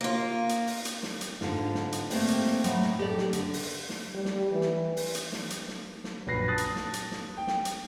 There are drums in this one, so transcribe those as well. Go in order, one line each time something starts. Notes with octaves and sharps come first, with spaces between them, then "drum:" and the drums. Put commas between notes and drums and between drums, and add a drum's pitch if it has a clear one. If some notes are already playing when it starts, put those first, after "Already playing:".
A#3 F4
drum: hi-hat
drum: open hi-hat
drum: hi-hat
drum: snare
drum: hi-hat
G#2 D3 F4, drum: snare
drum: snare
drum: hi-hat
A3 A#3 C4 G4 D5, drum: open hi-hat
drum: hi-hat
drum: snare
A2 F#3, drum: hi-hat
drum: snare
G4 A4 D5
drum: snare
D3, drum: hi-hat
drum: open hi-hat
drum: snare
G3
drum: snare
E3
drum: snare
drum: open hi-hat
drum: hi-hat
drum: snare
drum: hi-hat
drum: snare
drum: snare
A#1 F#2 B4 A#6 C7
A5 D#6 F#6 A6 C7
drum: hi-hat
drum: snare
drum: hi-hat
drum: snare
G5
drum: snare
drum: hi-hat